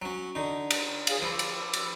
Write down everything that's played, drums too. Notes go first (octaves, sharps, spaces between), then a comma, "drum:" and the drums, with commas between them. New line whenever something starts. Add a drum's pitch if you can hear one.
F#3 C#4
D3 D#4
drum: cymbal
G#4 C#5 F5, drum: cymbal
F3 B5 D6 E6
drum: cymbal
drum: cymbal